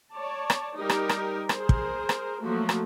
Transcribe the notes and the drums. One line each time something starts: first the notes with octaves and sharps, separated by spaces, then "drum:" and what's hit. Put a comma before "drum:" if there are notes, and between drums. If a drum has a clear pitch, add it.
C#5 D5 A5
drum: rim click
G3 D#4 G4 A#4
drum: rim click
drum: rim click
G#4 A#4 C5, drum: rim click
drum: kick
drum: rim click
F3 F#3 A3 A#3 F#4
drum: rim click